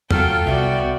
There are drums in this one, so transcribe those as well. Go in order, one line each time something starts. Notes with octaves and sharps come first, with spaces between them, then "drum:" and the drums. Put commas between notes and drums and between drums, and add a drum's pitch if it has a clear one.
F#3 F4 A4 G5 F6, drum: tom E2
C2 B3 F#4 D5 E5